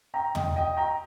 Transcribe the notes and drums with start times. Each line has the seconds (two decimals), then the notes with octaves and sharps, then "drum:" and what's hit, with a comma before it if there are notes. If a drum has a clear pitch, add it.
0.14 G5 A#5
0.35 D#5 G5, drum: tom
0.56 D#5 G5
0.77 G5 A#5